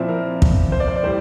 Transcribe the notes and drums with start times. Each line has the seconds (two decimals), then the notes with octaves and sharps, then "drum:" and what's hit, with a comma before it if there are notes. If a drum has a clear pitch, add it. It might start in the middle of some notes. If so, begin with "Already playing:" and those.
Already playing: A#2 F3 C4 E4
0.09 A#4
0.42 drum: kick
0.72 C5
0.80 D5
0.88 C5
0.96 D5
1.03 A2 G3 C5